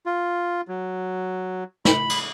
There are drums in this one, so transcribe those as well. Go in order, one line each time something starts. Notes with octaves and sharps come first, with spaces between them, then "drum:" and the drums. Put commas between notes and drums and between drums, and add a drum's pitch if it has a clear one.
F4
F#3
B5, drum: snare
drum: cymbal